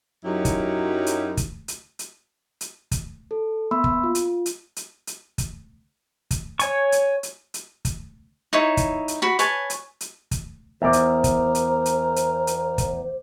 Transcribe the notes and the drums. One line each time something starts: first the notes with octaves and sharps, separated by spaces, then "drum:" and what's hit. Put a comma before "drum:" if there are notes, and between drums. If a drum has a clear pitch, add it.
F#2 F#3 C#4 D#4 E4 G4
drum: kick, hi-hat
drum: hi-hat
drum: kick, hi-hat
drum: hi-hat
drum: hi-hat
drum: hi-hat
drum: kick, hi-hat
A4
A#3 B3 E5 B5 C6 E6
drum: kick
F4
drum: hi-hat
drum: hi-hat
drum: hi-hat
drum: hi-hat
drum: kick, hi-hat
drum: kick, hi-hat
C#5 G#5 C#6, drum: hi-hat
drum: hi-hat
drum: hi-hat
drum: hi-hat
drum: kick, hi-hat
D#4 E4 C#5
drum: kick, hi-hat
drum: hi-hat
F#4 B5
B4 C#5 G#5 A5, drum: hi-hat
drum: hi-hat
drum: hi-hat
drum: kick, hi-hat
E2 A#4 C5 E5 D6
drum: hi-hat
drum: kick, hi-hat
drum: hi-hat
drum: hi-hat
drum: hi-hat
drum: hi-hat
drum: kick, hi-hat